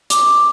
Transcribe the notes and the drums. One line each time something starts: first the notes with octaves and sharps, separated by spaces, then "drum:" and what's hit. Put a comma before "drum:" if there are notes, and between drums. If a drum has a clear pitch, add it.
D6, drum: hi-hat